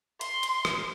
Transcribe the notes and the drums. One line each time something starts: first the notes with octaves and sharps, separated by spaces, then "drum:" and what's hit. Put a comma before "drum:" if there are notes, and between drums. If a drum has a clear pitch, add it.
C6, drum: hi-hat
drum: hi-hat
drum: rim click